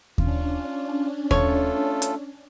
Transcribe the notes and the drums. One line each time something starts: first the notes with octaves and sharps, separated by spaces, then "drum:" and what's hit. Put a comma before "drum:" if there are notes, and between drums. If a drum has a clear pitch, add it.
C#4 D4 F4, drum: kick D#2
A3 F4 A4 C#5, drum: kick D#2
drum: hi-hat